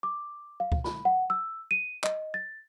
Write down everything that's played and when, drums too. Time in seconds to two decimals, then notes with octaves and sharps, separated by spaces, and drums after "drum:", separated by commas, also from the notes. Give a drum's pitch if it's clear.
0.03 D6
0.60 F5
0.72 drum: kick C#2
0.84 B5, drum: snare
1.05 F#5
1.30 E6
1.71 D#7
2.04 D#5, drum: clap
2.34 A6